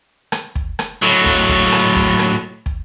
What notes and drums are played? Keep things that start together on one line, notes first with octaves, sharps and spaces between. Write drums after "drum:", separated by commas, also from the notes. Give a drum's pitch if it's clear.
drum: rim click
drum: kick
drum: rim click
A2 F#3
drum: kick
drum: kick
drum: rim click
drum: kick
drum: rim click
drum: kick